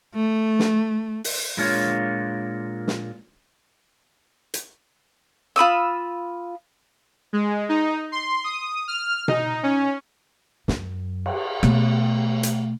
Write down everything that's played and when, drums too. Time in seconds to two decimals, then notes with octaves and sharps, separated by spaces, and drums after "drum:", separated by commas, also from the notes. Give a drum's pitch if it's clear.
0.15 A3
0.59 drum: snare
1.24 drum: open hi-hat
1.57 A#2 G#3 D4 F4 A#4 C#5
2.88 drum: snare
4.54 drum: hi-hat
5.56 F4 B5 D#6 E6
7.33 G#3
7.69 D#4
8.12 C6
8.44 D#6
8.88 F6
9.28 D#4, drum: tom B2
9.63 C#4
10.68 F#2, drum: snare
11.26 drum: cymbal
11.63 B2 A3, drum: rim click
12.43 drum: hi-hat